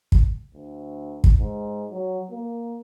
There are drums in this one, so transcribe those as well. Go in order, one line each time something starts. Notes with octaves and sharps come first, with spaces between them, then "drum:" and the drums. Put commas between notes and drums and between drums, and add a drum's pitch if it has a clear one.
drum: kick
D2
drum: kick
G#2
F#3
A#3